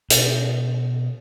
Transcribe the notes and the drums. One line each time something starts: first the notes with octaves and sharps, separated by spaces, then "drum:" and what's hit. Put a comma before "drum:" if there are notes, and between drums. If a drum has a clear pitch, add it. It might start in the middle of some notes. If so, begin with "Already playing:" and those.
B2, drum: hi-hat